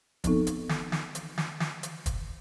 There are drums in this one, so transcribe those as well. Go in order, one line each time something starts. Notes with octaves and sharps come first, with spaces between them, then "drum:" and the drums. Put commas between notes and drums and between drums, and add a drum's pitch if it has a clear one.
F3 B3 C4 D#4 A4, drum: kick, hi-hat
drum: hi-hat
drum: snare
drum: snare
drum: hi-hat
drum: snare
drum: snare
drum: hi-hat
drum: kick, hi-hat